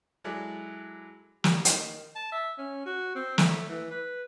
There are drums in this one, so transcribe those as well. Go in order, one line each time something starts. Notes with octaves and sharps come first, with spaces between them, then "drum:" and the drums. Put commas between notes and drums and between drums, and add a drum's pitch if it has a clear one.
F#3 G#3 E4 A4 D5
G4, drum: snare
D#3, drum: hi-hat
A5
E5
C#4
F#4
C4
A3, drum: snare
E3
B4